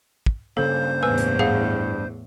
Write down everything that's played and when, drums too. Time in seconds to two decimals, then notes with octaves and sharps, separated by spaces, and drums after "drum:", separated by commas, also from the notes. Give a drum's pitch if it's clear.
0.26 drum: kick
0.57 G2 C#3 A#3 A4 C5
1.03 E2 A2 B4 G#5 E6
1.18 drum: hi-hat
1.39 G2 G#4 F5 F#5, drum: tom G#2